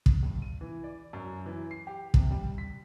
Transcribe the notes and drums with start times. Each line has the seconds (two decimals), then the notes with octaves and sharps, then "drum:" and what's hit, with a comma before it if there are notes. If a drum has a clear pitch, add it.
0.06 drum: kick
0.23 G2
0.42 D#7
0.61 E3
0.84 D5
1.13 F#2
1.46 E3
1.71 C7
1.87 G4
2.14 C3, drum: kick
2.31 G3
2.58 B6